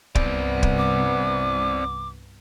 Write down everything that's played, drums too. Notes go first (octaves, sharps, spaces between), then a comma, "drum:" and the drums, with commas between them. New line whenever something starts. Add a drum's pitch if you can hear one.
C2 G2 B3 C4 D5, drum: kick
drum: kick
D6